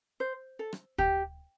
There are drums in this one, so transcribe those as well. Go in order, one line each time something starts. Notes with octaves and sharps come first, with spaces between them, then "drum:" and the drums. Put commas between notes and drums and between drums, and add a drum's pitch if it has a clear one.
C5
A4
drum: rim click
G4, drum: kick